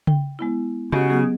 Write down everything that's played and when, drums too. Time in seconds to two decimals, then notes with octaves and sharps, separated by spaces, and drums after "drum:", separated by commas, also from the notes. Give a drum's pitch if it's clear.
0.07 G5, drum: tom C#3
0.39 G#3 B3 E4
0.92 C#3 F#4 G4 D#5
1.10 F#3 B3 G#4